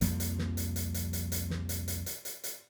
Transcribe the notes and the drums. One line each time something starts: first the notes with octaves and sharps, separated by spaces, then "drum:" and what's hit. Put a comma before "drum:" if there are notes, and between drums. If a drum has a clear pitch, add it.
C2 F2 F3 A#3, drum: hi-hat
drum: hi-hat
drum: snare
drum: hi-hat
drum: hi-hat
drum: hi-hat
drum: hi-hat
drum: hi-hat
drum: snare
drum: hi-hat
drum: hi-hat
drum: hi-hat
drum: hi-hat
drum: hi-hat